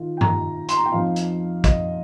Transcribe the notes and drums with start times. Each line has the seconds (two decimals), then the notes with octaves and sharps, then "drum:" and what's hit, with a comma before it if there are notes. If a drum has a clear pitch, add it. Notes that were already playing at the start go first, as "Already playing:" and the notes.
Already playing: D#3 F4
0.17 G5
0.21 A#5, drum: tom G2
0.69 C6, drum: hi-hat
0.76 A#5
0.85 G5
0.92 F2 F3 D#4 F5
1.16 drum: hi-hat
1.64 D#5, drum: kick, hi-hat